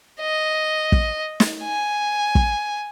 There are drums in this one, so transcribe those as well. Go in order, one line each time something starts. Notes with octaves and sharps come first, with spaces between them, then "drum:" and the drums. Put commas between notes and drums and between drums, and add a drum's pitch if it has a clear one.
D#5
drum: kick
drum: snare
G#5
drum: kick